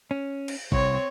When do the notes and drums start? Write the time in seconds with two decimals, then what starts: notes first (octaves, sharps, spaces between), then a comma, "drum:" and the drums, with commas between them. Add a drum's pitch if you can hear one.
0.11 C#4
0.48 drum: cymbal
0.72 C2 C4 C#5, drum: kick G#1